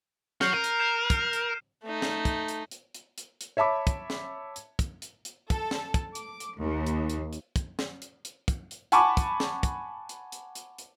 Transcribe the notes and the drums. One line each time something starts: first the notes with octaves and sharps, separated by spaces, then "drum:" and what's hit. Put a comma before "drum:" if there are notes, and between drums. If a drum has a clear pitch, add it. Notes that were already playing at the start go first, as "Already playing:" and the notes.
F#4 C#5 F6 G6 C7, drum: snare
A#4 D#7
drum: hi-hat
G6 C7 E7
drum: kick, hi-hat
drum: hi-hat
A3 D#4
drum: snare
drum: kick, hi-hat
drum: hi-hat
drum: hi-hat
drum: hi-hat
drum: hi-hat
drum: hi-hat
C#5 E5 A5 B5 D6
drum: kick, hi-hat
drum: snare
drum: hi-hat
drum: kick, hi-hat
drum: hi-hat
drum: hi-hat
A4, drum: kick, hi-hat
drum: snare
drum: kick, hi-hat
D6, drum: hi-hat
drum: hi-hat
D#2
drum: hi-hat
drum: hi-hat
drum: hi-hat
drum: kick, hi-hat
drum: snare
drum: hi-hat
drum: hi-hat
drum: kick, hi-hat
drum: hi-hat
F#5 G#5 A5 B5 C#6 D6, drum: hi-hat
drum: kick, hi-hat
drum: snare
drum: kick, hi-hat
drum: hi-hat
drum: hi-hat
drum: hi-hat
drum: hi-hat